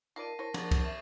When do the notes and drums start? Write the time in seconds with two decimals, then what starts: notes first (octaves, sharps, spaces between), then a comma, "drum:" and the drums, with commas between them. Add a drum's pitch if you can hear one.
0.16 D#4 F4 A#4 D5 A5 C7 D#7
0.39 E4 C5 C#5 A#6
0.54 F3 A#3 D4 G#4 F#5 C#6 A6, drum: cymbal
0.71 drum: kick, cymbal
0.85 E5